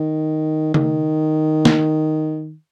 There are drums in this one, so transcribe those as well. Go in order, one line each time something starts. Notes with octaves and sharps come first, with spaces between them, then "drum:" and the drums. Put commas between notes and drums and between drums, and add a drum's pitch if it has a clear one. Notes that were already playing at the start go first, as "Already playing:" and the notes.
Already playing: D#3
D#3, drum: tom C#3
drum: snare